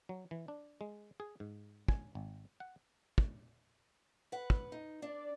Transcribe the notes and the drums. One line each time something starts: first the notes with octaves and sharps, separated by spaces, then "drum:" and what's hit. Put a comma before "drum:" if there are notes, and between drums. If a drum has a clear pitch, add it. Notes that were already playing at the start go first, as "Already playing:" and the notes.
F#3
E3
D4
G#3
G#4
G#2
G#5, drum: kick
G#1
F#5
drum: kick
B4 F#5
drum: kick
D#4
D4 D5